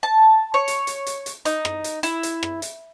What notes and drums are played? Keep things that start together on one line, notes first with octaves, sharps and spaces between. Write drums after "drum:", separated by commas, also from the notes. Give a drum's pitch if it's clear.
A5
C#5
drum: hi-hat
drum: hi-hat
drum: hi-hat
drum: hi-hat
D#4, drum: hi-hat
drum: rim click
drum: hi-hat
E4, drum: hi-hat
drum: hi-hat
drum: rim click
drum: hi-hat